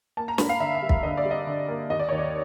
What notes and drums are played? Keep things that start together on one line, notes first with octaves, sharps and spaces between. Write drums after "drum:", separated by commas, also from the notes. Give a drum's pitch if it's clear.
A#3 A5
A#5
A#3 B5, drum: snare
F5
D3 E5
E5
G3
E5, drum: kick
D3 D#5
D5
G3
D#5
D3
A#3
D#2 D#5
D5
D#2 C#5
D5